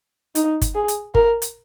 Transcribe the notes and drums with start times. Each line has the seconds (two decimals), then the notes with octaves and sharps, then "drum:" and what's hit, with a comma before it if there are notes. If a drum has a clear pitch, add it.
0.35 D#4, drum: hi-hat
0.61 drum: kick G1, hi-hat
0.74 G#4
0.88 drum: hi-hat
1.15 A#4, drum: kick G1
1.42 drum: hi-hat